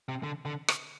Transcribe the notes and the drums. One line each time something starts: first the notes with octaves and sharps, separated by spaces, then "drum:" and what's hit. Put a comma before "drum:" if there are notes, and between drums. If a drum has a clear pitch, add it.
C3
D3
D3
drum: rim click